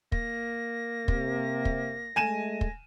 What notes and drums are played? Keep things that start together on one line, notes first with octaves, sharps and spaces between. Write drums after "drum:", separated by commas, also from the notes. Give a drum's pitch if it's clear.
A#3 A#6, drum: kick
C3, drum: kick
drum: kick
G#3 A3 G#5 D#7 E7
drum: kick